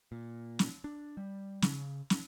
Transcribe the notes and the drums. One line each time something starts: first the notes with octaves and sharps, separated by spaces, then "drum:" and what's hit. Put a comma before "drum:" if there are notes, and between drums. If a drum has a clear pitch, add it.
A#2
drum: snare
D4
G3
C#3, drum: snare
drum: snare